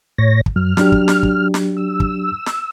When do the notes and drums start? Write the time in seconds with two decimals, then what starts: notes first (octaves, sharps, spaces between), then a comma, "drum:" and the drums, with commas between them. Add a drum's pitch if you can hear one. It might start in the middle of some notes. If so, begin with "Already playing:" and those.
0.18 A2 C#5 A#6
0.46 drum: kick
0.56 F#2 F#3 F6
0.77 F#3 D4 G4, drum: snare
0.92 drum: kick
1.08 drum: snare
1.23 drum: kick
1.54 drum: snare
1.77 E6
2.00 drum: kick
2.46 drum: snare